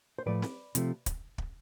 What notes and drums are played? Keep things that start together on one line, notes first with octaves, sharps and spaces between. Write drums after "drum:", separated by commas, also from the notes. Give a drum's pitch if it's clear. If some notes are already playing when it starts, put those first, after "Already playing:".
C5
A2 F3 A3 B4 D5
drum: snare C4
C3 F3 A3, drum: hi-hat
drum: kick, hi-hat
drum: kick